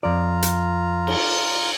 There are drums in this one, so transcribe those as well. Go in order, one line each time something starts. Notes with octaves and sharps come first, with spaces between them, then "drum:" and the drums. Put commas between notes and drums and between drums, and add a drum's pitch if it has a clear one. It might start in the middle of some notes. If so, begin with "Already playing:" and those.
F2 F4 D5 A#5
drum: hi-hat
drum: cymbal